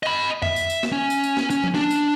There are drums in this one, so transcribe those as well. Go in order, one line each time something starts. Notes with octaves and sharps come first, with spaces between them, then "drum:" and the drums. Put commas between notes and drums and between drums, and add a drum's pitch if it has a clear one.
D#5 B5
E5, drum: tom
drum: tambourine
drum: tambourine
drum: snare
C#4
drum: tambourine
drum: tambourine
drum: snare
C#4, drum: tambourine
drum: tom F3
D4, drum: snare
drum: tambourine